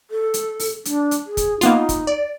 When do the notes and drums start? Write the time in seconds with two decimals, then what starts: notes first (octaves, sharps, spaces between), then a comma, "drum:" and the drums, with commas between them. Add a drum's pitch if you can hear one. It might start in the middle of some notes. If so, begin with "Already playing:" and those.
0.11 A4
0.34 drum: hi-hat
0.60 drum: open hi-hat
0.85 D4, drum: hi-hat
1.11 drum: hi-hat
1.26 G#4
1.37 drum: kick, hi-hat
1.61 A#3 B3 D#4 F4, drum: hi-hat
1.89 drum: kick, hi-hat
2.07 D5